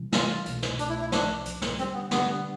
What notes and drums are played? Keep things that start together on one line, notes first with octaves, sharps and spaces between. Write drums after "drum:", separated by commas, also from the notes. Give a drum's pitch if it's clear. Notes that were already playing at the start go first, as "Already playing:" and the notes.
Already playing: C3 E3 G3
C3 E3 G3 F4, drum: snare
C2 B2 A3, drum: hi-hat
drum: snare
C2 B2 A3 D4, drum: hi-hat
E4
E4
C2 C3 F3 D4, drum: snare
C2 C3 F3, drum: hi-hat
drum: snare
D3 G3 C4 D4 G4, drum: hi-hat
B3
D3 G3 B3 D4 G4, drum: snare